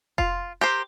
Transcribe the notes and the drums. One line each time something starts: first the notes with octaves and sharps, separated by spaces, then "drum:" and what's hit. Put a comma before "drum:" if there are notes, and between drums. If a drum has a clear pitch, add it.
F4, drum: kick F1
G4 A#4 C5